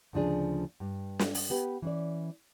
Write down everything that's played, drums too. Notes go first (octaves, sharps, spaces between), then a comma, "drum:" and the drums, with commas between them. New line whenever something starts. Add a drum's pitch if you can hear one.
D2 C#3 F3 D4 G#4
G2
drum: snare
drum: open hi-hat
B3 G4 B4
E3 C#4 D5